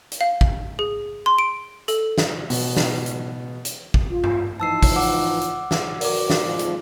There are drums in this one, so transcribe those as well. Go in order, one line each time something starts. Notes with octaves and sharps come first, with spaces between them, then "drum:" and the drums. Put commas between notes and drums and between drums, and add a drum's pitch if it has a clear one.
drum: hi-hat
F5
drum: kick
G#4
C6
D7
A4, drum: hi-hat
drum: snare
B2, drum: open hi-hat
drum: snare
drum: hi-hat
drum: hi-hat
drum: kick
F4
drum: tom G2
E3 F3 D#4 A5 E6 C7
drum: kick, open hi-hat
F#5 D6 E6
drum: hi-hat
drum: snare
F#4 A#4 D5 D6, drum: open hi-hat
drum: snare
F2 G#2 F3
drum: hi-hat